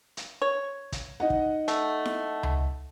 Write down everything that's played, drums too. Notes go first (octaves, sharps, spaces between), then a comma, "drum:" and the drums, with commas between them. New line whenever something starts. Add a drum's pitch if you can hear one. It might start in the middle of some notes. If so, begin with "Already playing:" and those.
drum: hi-hat
C#5
drum: kick, hi-hat
D#4 D#5 F#5
drum: kick
A3, drum: hi-hat
drum: snare E4
drum: tom C#2